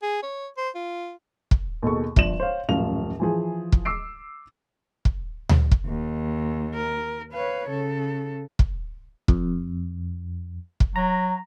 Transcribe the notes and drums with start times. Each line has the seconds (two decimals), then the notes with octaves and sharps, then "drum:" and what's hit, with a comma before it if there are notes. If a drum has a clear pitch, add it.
0.03 G#4
0.23 C#5
0.57 C5
0.75 F4
1.51 drum: kick
1.82 D#2 B2 G#4 A4 C#6
2.16 G1 F3 D5 E7 F#7, drum: kick
2.40 C5 C#5 F5
2.69 D#1 F#2 A2 F3 F5 F7
3.20 E3 F3 G#4
3.72 drum: kick
3.85 D6 E6 C7 D7
5.05 drum: kick
5.49 drum: tom D2
5.71 drum: kick
5.86 D#2
6.74 A#4
7.33 B4 C#5 F5
7.70 C#3 A4
8.59 drum: kick
9.28 F2, drum: kick
10.80 drum: kick
10.96 F#3 A#5